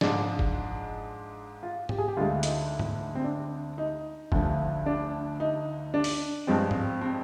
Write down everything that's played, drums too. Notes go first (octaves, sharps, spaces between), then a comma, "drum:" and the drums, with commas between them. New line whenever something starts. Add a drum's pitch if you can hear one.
G#2 F3 G#3 D4, drum: snare
drum: kick F#1
F4
G4, drum: tom G#2
G#4
G4
D2 D3 G#3 F4
D#4, drum: hi-hat
drum: tom G#2
C4
D4
D#4
D2 D3 F3, drum: kick F#1
D4
D#4
D4
drum: open hi-hat
G2 F3 G#3 C4
C4, drum: tom G#2
C4